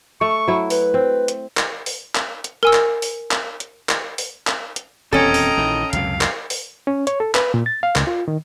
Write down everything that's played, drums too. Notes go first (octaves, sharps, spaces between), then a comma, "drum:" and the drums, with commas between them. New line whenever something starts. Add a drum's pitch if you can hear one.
A3 C#6
F#3 E4
B4, drum: open hi-hat
C4
drum: hi-hat
drum: clap
drum: open hi-hat
drum: clap
drum: hi-hat
A#4 G#5 E6
drum: clap
drum: open hi-hat
drum: clap
drum: hi-hat
drum: clap
drum: open hi-hat
drum: clap
drum: hi-hat
D#1 E2 C4 C#4 A4 D#5 G5 A#5
drum: open hi-hat
A#1 D#3 E3
C#2 F#2 C3 F5, drum: hi-hat
drum: clap
drum: open hi-hat
C#4
C#5, drum: hi-hat
A4
B4, drum: clap
A#2
A6
F5
C#2, drum: clap
F4
D#3